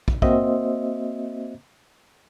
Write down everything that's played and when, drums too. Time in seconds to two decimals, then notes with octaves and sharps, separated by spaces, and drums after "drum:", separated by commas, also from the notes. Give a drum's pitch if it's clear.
0.08 drum: kick
0.22 A#3 C4 F#4 C5 D#5 E5, drum: kick